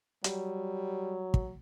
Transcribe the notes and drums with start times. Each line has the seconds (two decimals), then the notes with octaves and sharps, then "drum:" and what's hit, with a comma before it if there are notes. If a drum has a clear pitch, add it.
0.24 F#3 G3, drum: hi-hat
1.34 drum: kick